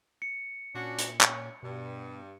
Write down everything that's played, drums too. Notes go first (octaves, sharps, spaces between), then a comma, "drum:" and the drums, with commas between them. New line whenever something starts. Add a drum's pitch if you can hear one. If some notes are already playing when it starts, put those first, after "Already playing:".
C#7
A#2 C#4 D4 F#4
drum: hi-hat
C#4, drum: clap
G2 B2